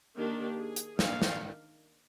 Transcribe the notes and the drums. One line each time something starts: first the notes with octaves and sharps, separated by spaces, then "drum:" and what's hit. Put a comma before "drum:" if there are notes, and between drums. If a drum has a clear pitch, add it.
D#3 A#3 D4 G4
G#4
drum: hi-hat
D#3 A#3 D4 F5, drum: snare
drum: snare